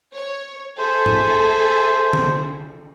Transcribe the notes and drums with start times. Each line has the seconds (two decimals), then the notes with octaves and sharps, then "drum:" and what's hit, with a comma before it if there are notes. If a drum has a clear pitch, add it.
0.14 C#5
0.78 G#4 A4 C5 E5
1.06 drum: tom G#2
2.13 drum: tom D3